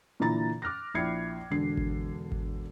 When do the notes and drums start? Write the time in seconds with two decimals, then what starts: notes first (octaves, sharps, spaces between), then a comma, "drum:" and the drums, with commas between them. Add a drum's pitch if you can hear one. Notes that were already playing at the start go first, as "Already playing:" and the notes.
0.20 A#2 D3 E3 E4 A#5 A6
0.62 D6 F6 F#6 A#6
0.94 A#1 E4 G#6 C7 C#7
1.50 E1 D3 C7
1.77 drum: kick G#1
2.32 drum: kick G#1